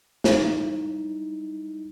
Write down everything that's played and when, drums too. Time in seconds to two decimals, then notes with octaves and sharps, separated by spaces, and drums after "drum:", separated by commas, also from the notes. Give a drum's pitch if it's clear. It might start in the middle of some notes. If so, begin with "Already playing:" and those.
0.24 G3 D#4 E4, drum: snare